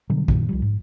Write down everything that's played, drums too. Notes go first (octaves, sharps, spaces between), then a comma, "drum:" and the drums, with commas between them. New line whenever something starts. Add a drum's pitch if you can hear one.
B2 D3 F#3 G3
F#2 A#2 D#3, drum: kick
C2 F3 G3
G#2